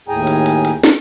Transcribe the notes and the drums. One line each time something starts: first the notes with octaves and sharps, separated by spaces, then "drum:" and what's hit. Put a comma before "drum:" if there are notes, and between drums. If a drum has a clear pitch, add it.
D#2 A2 G#4 G5 G#5 A#5
drum: hi-hat
drum: hi-hat
drum: hi-hat
drum: snare